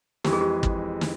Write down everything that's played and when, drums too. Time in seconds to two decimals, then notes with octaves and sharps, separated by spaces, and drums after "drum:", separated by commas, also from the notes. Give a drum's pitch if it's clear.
0.24 F2 E3 G#3 G4, drum: snare
0.33 G#4
0.41 G4
0.63 drum: kick
1.01 drum: snare